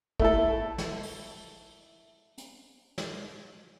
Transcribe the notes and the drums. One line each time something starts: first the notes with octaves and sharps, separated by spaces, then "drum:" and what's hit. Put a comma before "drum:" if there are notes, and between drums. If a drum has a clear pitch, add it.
A3 E4 A4, drum: kick
drum: snare
drum: open hi-hat
drum: hi-hat
drum: snare